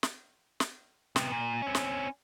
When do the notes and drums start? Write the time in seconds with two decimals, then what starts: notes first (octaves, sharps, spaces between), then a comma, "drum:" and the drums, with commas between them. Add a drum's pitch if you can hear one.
0.03 drum: snare
0.60 drum: snare
1.16 C3 B3, drum: snare
1.32 A#2
1.62 C4 C#4
1.75 drum: snare